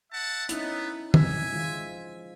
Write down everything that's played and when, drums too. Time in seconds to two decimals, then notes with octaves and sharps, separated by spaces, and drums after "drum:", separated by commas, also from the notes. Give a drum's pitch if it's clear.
0.13 E5 F#5 A5
0.49 A3 B3 C#4 D#4 E4, drum: hi-hat
1.14 E5 G#5, drum: tom
1.51 F3 G#3 F4